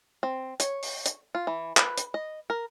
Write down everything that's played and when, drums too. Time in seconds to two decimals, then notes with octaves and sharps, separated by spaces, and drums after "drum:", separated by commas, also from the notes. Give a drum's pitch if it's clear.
0.23 C4
0.60 C#5, drum: hi-hat
0.83 drum: open hi-hat
1.06 drum: hi-hat
1.35 F4
1.47 E3
1.77 B4, drum: clap
1.98 drum: hi-hat
2.14 D#5
2.50 A#4